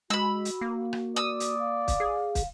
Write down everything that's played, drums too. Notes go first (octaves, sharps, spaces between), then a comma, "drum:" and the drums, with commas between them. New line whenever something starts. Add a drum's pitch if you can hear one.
G#3 F#4 B5 E6
drum: hi-hat
A#3
drum: rim click
D5 D#6 E6
drum: hi-hat
F5
drum: kick, hi-hat
G#4
drum: kick, hi-hat